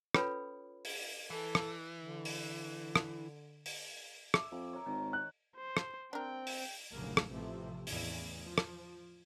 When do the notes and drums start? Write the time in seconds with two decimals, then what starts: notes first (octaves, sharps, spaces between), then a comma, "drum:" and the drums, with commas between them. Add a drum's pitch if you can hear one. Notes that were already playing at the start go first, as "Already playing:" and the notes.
0.14 C#4 F4 A4 B4 C#5 B5, drum: rim click
0.85 drum: open hi-hat
1.30 E3 A4
1.55 drum: rim click
1.99 D3
2.25 drum: open hi-hat
2.96 drum: rim click
3.66 drum: open hi-hat
4.34 E5 D6, drum: rim click
4.51 F2
4.73 A#4 C#5
4.86 G#1 D#3
5.13 F#6
5.56 C5
5.77 drum: rim click
6.13 C4 D4 A#4 G5
6.47 drum: open hi-hat
6.93 F1 A#1 C#3 F#3 A#3
7.17 drum: rim click
7.31 A1 C3 F3 A3 C4
7.87 E2 A2 C#3 E3, drum: open hi-hat
8.44 F3
8.58 drum: rim click